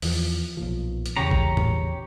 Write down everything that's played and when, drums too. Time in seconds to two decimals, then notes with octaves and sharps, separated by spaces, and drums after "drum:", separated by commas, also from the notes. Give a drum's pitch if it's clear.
0.02 E2 F3, drum: open hi-hat
0.57 B1 A#2 F3
1.06 drum: hi-hat
1.16 E2 C#3 G4 C#5 A#5
1.31 drum: kick
1.57 drum: tom